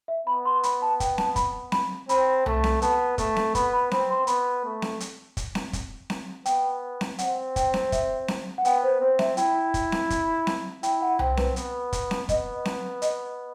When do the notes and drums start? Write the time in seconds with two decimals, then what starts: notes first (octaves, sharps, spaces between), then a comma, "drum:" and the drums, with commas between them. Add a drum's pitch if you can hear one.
0.08 E5
0.27 B3 B5
0.45 C6
0.63 B5, drum: hi-hat
0.82 A5
1.00 G5, drum: kick, hi-hat
1.18 A5, drum: snare C4
1.36 B5, drum: kick, hi-hat
1.72 B5, drum: snare C4
2.09 C4 B5, drum: hi-hat
2.46 A3, drum: tom C2
2.64 drum: snare C4
2.82 B3 A5, drum: hi-hat
3.18 A3, drum: kick, hi-hat
3.36 drum: snare C4
3.55 B3 B5, drum: kick, hi-hat
3.73 B5
3.91 C4 B5, drum: snare C4
4.10 C6
4.27 B3 B5, drum: hi-hat
4.65 A3
4.82 drum: snare C4
5.00 drum: hi-hat
5.37 drum: kick, hi-hat
5.55 drum: snare C4
5.73 drum: kick, hi-hat
6.10 drum: snare C4
6.46 B3 G5, drum: hi-hat
7.01 drum: snare C4
7.19 C4 F#5, drum: hi-hat
7.56 G5, drum: kick, hi-hat
7.74 drum: snare C4
7.92 E5, drum: kick, hi-hat
8.28 drum: snare C4
8.58 F#5
8.65 B3 G5, drum: hi-hat
8.83 C5
9.01 C4 C5
9.19 E5, drum: snare C4
9.37 E4 G5, drum: hi-hat
9.74 drum: kick, hi-hat
9.92 drum: snare C4
10.10 drum: kick, hi-hat
10.47 drum: snare C4
10.83 E4 G5, drum: hi-hat
11.02 F#5
11.19 C4 G5, drum: tom C2
11.37 B4, drum: snare C4
11.56 B3, drum: hi-hat
11.93 drum: kick, hi-hat
12.11 drum: snare C4
12.29 B3 D#5, drum: kick, hi-hat
12.65 drum: snare C4
13.02 D#5, drum: hi-hat